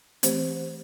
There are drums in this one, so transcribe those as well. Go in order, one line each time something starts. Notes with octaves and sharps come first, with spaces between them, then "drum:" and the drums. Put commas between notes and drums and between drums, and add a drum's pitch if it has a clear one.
E3 A3 C4 G4 C5, drum: hi-hat